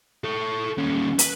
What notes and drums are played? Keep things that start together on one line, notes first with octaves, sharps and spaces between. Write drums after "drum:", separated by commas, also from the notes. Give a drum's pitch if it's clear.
A4 C#5
D#2 C#4
B4, drum: hi-hat